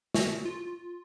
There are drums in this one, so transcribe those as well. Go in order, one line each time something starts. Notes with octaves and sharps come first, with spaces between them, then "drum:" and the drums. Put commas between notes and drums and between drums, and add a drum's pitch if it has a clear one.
F#4, drum: snare
F4